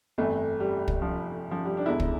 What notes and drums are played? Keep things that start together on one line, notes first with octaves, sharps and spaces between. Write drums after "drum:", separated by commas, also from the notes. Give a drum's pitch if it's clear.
G1 F2 E3 A3
G3
drum: kick
F3
F3
G3
D4
E1 E2 D3 E4
drum: kick